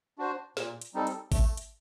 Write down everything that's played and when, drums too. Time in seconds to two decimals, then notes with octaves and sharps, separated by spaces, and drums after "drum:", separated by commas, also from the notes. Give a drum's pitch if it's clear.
0.18 D4 F#4 C5
0.57 A#2, drum: snare
0.81 drum: hi-hat
0.94 G3 C4 D#4 A4
1.07 drum: hi-hat
1.32 A3, drum: kick G#1, open hi-hat
1.57 drum: hi-hat